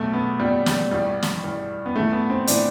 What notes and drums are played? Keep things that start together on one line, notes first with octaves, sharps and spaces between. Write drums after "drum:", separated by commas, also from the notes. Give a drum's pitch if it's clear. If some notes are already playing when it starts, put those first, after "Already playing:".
Already playing: B1 B2 A3
B3
B1 B2 G3
G3, drum: snare
A1 G2 E3 G3
drum: snare
A1 G2 E3
B3
A1 A2 E3 A3
B3
C4
A2 E3 D4, drum: hi-hat